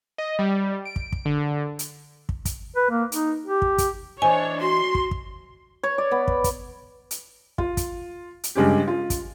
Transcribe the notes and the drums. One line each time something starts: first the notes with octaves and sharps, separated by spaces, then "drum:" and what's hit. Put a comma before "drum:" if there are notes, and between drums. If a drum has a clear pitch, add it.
D#5
G3
D7
drum: kick
drum: kick
D3
drum: hi-hat
drum: kick
drum: kick, hi-hat
B4
A#3
D#4, drum: hi-hat
G4
drum: kick
drum: kick, hi-hat
E3 D4 C5 C#5 D#5 G#5
F#4 C6
drum: kick
drum: kick
C#5
D5
B3
drum: kick
drum: kick, hi-hat
drum: hi-hat
F4, drum: kick
drum: kick, hi-hat
drum: hi-hat
G2 C#3 G#3 C#4 G4
F4
drum: kick, hi-hat